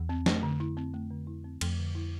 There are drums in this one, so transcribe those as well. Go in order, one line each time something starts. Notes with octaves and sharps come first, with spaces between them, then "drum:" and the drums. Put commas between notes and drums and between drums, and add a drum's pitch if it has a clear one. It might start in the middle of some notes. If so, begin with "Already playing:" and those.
Already playing: E2
C4
F2 A3, drum: snare
D3
E4
C4
A3
D3
E4
C4
F2 A3, drum: cymbal
D3
E4